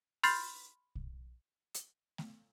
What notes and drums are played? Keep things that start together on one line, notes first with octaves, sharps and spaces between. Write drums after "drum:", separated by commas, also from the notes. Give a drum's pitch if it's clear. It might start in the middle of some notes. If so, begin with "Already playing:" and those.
B5 C6 F6 G6 A6 C7, drum: open hi-hat
drum: kick
drum: hi-hat
drum: snare A3